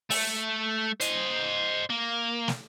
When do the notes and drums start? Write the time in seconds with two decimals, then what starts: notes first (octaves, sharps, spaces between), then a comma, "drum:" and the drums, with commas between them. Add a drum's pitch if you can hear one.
0.11 A3, drum: open hi-hat
1.01 C5 D#5, drum: hi-hat
1.90 A#3
2.48 drum: snare